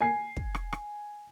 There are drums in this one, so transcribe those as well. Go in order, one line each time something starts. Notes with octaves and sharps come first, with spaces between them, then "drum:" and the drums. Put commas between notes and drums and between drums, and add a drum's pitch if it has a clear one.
G#5 C7
drum: kick
drum: rim click
drum: rim click